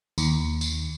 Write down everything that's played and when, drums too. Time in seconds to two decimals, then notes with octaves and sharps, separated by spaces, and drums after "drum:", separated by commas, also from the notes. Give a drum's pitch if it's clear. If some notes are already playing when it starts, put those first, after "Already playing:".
0.18 D#2, drum: tambourine
0.61 drum: tambourine